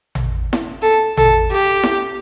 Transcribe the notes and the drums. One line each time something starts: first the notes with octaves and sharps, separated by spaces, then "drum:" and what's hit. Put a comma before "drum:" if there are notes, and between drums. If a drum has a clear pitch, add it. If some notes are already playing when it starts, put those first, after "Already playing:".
drum: tom A1
drum: snare E4
A4
A4, drum: tom A1
G4
drum: snare E4